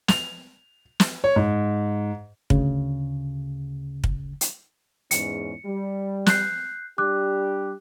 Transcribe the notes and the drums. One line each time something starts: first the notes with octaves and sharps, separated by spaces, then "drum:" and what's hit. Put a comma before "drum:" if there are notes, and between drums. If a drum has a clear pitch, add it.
F7, drum: snare
drum: snare
C#5
G#2
D2 C#3, drum: kick
drum: kick
drum: hi-hat
E2 G#2 C#4 C#7, drum: hi-hat
G3
F#6 G6 C7, drum: snare
G3 D4 G4 D6 F#6